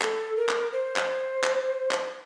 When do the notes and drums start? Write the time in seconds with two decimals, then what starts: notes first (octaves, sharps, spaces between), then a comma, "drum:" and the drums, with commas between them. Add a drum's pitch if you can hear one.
0.02 A4, drum: clap
0.36 A#4
0.49 drum: clap
0.73 C5
0.96 drum: clap
1.44 drum: clap
1.91 drum: clap